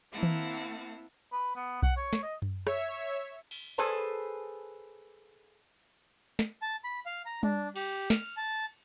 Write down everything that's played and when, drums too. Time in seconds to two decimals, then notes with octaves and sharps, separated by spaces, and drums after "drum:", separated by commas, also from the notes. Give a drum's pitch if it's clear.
0.12 A#3 C4 E4 F5 F#5 A5
0.23 drum: tom D#3
1.32 B4
1.56 B3
1.83 F#5, drum: kick B1
1.96 C#5
2.13 drum: snare
2.23 D#5
2.42 drum: tom F#2
2.67 C#5 E5, drum: rim click
3.51 drum: cymbal
3.78 G#4 A4 B4 C5 G#5 A5
6.39 drum: snare
6.62 A5
6.84 B5
7.06 F5
7.26 A#5
7.43 D4, drum: tom G3
7.76 G4, drum: cymbal
8.10 F6, drum: snare
8.37 A5